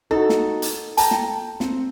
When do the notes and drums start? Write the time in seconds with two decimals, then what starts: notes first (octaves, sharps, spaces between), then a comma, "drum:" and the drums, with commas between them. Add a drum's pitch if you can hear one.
0.11 D#4 E4 F#4 A4
0.29 drum: snare
0.62 drum: hi-hat
0.97 G5 A5 A#5, drum: hi-hat
1.11 drum: snare
1.60 C4, drum: snare